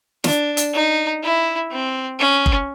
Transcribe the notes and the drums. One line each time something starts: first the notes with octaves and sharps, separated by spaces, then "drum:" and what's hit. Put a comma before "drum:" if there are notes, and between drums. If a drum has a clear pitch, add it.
D4, drum: snare
drum: hi-hat
D#4
E4
C4
C#4
drum: kick G1